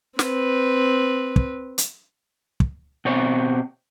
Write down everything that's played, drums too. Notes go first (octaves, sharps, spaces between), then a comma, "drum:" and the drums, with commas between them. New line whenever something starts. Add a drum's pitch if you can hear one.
C4 B4, drum: snare
drum: kick
drum: hi-hat
drum: kick
B2 C4 C#5